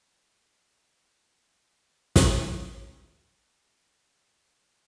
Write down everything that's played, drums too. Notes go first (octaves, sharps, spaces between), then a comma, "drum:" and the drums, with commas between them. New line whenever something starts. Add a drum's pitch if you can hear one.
F#3
C#2 G2 D#4 D#6
drum: snare
G#3 C4 D4 F4 A4
D2 F5 C#6 G#6
D2 B3 F4 F#4 C5 B5